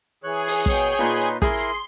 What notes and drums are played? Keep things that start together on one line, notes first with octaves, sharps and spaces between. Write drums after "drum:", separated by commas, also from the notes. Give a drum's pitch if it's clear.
E3 G#4 C#5 F#6
drum: open hi-hat
B2 C#5 G5 G6, drum: kick, hi-hat
A#2 D#4 B4 C6
drum: hi-hat
E4 G#4 A#4 C6, drum: kick, hi-hat
drum: hi-hat